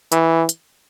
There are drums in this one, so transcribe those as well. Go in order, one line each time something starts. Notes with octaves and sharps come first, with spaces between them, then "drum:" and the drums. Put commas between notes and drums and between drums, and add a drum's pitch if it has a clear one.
E3, drum: hi-hat
drum: hi-hat